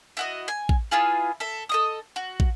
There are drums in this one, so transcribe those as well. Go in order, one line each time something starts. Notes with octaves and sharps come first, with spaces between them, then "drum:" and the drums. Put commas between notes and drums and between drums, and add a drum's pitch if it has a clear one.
E4 F#4 D#5
G#5
drum: kick
B3 E4 F4 G#4
A4 E5
A4 D#5 D#6
F#4
drum: kick